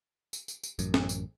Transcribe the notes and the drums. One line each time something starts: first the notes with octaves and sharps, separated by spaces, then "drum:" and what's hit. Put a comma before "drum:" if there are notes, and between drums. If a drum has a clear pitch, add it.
drum: tambourine
drum: tambourine
drum: tambourine
A1 F#2, drum: tambourine
drum: snare
drum: tambourine